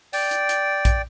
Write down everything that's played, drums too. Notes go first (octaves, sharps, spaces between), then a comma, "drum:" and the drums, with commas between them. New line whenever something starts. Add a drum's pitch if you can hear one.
D5 G5, drum: open hi-hat
drum: hi-hat
drum: hi-hat
drum: kick A#1, hi-hat